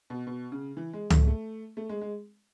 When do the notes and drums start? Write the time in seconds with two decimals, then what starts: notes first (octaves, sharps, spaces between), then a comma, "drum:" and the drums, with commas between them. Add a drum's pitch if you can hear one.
0.10 B2
0.27 B2
0.52 C#3
0.77 E3
0.93 G#3
1.10 A3, drum: tom C#2
1.27 A3
1.77 A3
1.89 G#3
2.01 G#3